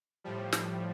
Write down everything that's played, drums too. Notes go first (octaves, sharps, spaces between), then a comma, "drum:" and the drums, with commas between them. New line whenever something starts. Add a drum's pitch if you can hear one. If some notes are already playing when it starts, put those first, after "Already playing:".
A2 F3 G3
drum: snare